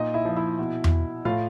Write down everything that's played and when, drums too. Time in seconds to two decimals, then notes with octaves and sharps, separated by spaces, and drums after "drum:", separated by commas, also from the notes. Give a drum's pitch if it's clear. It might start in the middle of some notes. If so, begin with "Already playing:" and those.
Already playing: A#2 D#4 D#5
0.14 E4 E5
0.25 F3 D#5
0.36 E4 E5
0.59 B2
0.84 drum: tom E2
1.25 A2 F4 F5